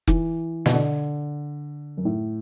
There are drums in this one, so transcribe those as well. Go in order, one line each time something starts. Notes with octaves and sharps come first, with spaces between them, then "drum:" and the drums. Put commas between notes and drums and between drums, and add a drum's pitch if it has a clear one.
E3, drum: kick F1
B2, drum: snare
D3
F#2
A2